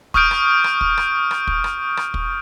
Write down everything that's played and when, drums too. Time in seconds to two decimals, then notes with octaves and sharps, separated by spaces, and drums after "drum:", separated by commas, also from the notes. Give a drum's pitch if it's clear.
0.14 C#6 D#6 F6 G6 D7, drum: kick
0.31 drum: rim click
0.64 drum: rim click
0.81 drum: kick
0.97 drum: rim click
1.31 drum: rim click
1.47 drum: kick
1.64 drum: rim click
1.97 drum: rim click
2.14 drum: kick